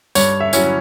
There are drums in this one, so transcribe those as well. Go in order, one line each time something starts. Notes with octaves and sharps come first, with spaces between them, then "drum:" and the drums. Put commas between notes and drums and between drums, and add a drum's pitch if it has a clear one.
G2 C#5, drum: tambourine
E5
F#3 C#4 E4, drum: tambourine